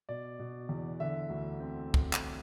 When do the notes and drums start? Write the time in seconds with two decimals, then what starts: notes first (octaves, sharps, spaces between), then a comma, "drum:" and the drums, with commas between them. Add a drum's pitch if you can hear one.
0.09 B2 D5
0.39 B2
0.69 E2
1.00 D3 E5
1.30 D2
1.60 C4
1.94 drum: kick C2
2.13 drum: clap